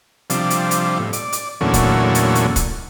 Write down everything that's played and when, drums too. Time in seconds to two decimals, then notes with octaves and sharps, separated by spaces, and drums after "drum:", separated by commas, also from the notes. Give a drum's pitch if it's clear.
0.30 C3 F3 G3 D4, drum: hi-hat
0.50 drum: hi-hat
0.71 drum: hi-hat
0.99 A2
1.13 D5, drum: hi-hat
1.32 drum: hi-hat
1.61 E2 A#2 D3 F#3 A3 C#4
1.74 drum: kick, hi-hat
2.15 drum: hi-hat
2.35 drum: hi-hat
2.56 drum: kick, hi-hat